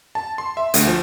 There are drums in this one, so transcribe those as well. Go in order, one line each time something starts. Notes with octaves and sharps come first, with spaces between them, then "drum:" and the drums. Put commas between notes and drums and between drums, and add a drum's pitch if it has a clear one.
A5
C6
E5
D2, drum: hi-hat
F3